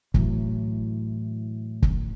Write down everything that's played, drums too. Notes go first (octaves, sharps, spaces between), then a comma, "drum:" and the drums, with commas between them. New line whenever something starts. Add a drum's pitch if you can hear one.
A2 E3 F#3, drum: kick
drum: kick